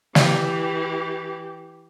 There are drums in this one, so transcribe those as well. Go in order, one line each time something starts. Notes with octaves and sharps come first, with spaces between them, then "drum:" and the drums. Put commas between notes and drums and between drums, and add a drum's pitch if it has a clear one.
E3 G4, drum: snare